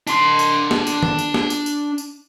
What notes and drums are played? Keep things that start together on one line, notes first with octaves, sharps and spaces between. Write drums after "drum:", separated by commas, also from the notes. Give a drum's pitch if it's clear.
D4 C6, drum: tambourine
drum: tambourine
drum: snare
drum: tambourine
drum: tom D#3
drum: tambourine
drum: snare
drum: tambourine
drum: tambourine
drum: tambourine